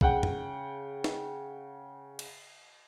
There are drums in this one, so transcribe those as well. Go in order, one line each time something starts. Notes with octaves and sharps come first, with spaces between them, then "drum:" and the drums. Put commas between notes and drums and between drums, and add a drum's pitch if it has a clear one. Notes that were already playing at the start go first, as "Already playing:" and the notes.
C#3 F#5 G5, drum: kick
drum: tom
drum: snare
drum: cymbal